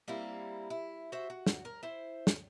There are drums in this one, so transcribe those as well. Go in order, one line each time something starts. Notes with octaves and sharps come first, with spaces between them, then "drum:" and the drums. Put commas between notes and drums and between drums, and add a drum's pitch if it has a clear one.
G3 A#3 C4 E4
E4
F#4 C5 E5
F#4
drum: snare
A#4
E4 C5
drum: snare